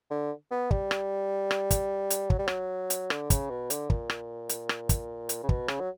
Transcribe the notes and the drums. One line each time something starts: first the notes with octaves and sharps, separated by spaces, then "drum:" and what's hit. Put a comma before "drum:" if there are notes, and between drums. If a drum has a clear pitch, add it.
D3
B3
G3, drum: kick
drum: rim click
drum: rim click
drum: kick, hi-hat
drum: hi-hat
F#3, drum: kick
G3
F#3, drum: rim click
drum: hi-hat
D3, drum: rim click
C#3, drum: kick, hi-hat
B2
D3, drum: hi-hat
A#2, drum: kick
drum: rim click
drum: hi-hat
drum: rim click
drum: kick, hi-hat
drum: hi-hat
C#3
B2, drum: kick
C#3, drum: rim click
F#3